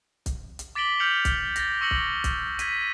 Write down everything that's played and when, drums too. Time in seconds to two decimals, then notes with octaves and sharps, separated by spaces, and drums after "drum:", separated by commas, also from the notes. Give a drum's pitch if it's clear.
0.26 drum: kick, hi-hat
0.59 drum: hi-hat
0.75 D6 A6 B6 D7 F#7 G7
1.00 F6 G6 C#7 F7 F#7
1.25 drum: kick, hi-hat
1.56 A6 A#6, drum: hi-hat
1.81 C#6 E6 A#6 C#7 F#7 G7
1.91 drum: kick
2.24 drum: kick, hi-hat
2.59 G#6 B6 D#7, drum: hi-hat